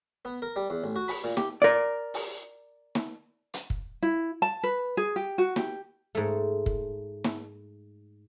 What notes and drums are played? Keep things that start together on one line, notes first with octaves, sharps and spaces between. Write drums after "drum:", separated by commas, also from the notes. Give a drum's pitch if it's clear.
B3
A#4
G3
E2
A1
F#4
B5, drum: open hi-hat
A#2
G4, drum: snare
A#4 D5
drum: open hi-hat
drum: snare
drum: hi-hat
drum: kick
E4
A5
B4
G#4
G4
F#4
G4, drum: snare
G#2 A3
drum: kick
drum: snare